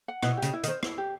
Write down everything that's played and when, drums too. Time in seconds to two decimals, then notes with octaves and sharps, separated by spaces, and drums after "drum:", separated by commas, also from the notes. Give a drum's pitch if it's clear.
0.08 F#5
0.23 B2 E4, drum: rim click
0.37 G4
0.42 C#3, drum: hi-hat
0.53 E4
0.64 D#3, drum: hi-hat
0.68 C5
0.83 E4, drum: rim click
0.98 G4